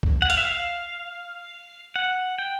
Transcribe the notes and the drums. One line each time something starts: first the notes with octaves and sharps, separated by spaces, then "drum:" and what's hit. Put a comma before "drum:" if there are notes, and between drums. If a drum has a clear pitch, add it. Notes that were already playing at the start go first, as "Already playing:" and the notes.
drum: kick C2
F#5
F5, drum: hi-hat
E5
F5
F#5
G5